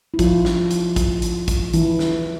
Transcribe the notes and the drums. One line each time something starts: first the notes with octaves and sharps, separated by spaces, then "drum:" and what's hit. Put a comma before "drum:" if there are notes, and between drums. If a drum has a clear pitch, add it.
E4
F3 F4, drum: kick, hi-hat
drum: snare
drum: hi-hat
drum: kick, hi-hat
drum: hi-hat
drum: kick, hi-hat
E3 E4, drum: hi-hat
drum: snare